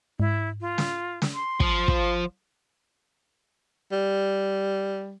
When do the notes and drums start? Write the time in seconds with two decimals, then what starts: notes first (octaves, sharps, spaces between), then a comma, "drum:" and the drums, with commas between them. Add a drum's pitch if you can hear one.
0.20 G#2 E4
0.61 F4
0.78 drum: snare
1.22 drum: snare
1.34 C6
1.60 F3, drum: kick
1.88 drum: kick
3.92 G3